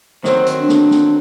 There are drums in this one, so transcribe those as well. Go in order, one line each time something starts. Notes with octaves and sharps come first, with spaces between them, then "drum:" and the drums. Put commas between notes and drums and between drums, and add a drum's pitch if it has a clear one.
D#3 F#3 C4 C5, drum: snare
drum: hi-hat
D4
drum: snare
drum: snare